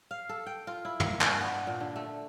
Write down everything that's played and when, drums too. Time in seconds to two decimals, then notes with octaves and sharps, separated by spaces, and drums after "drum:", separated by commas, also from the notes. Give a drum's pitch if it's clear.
0.11 F5
0.29 A4
0.46 G5
0.67 F4
0.85 E4
1.00 A#3, drum: tom
1.21 D4, drum: clap
1.41 B3
1.67 A#2
1.80 D3
1.96 A3